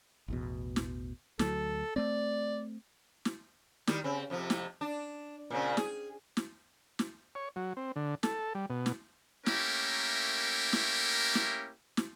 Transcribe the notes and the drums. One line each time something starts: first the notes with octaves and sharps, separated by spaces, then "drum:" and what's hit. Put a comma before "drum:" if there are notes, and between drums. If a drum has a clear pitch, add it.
A1 E2 B2
drum: snare
D2 F#3 A4, drum: snare
A3 C4 D5
drum: snare
D#3 G3, drum: snare
C#3 C4
F2 C3 F3
drum: snare
D4
A#2 C#3 C4
G#4, drum: snare
drum: snare
drum: snare
C#5
F#3
C4
D3
A4, drum: snare
G3
B2
drum: snare
A3 A#3 C#4 E4 G4 A#4, drum: snare
drum: snare
drum: snare
drum: snare